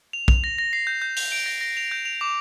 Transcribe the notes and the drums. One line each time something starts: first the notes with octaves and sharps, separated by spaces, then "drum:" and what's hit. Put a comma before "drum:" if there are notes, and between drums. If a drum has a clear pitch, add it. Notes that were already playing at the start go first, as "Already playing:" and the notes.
F7
F7, drum: kick B1
A#6
A#6
C7
G6
G6
F7, drum: open hi-hat
D7
A#6
A#6
F7
G6
F7
D6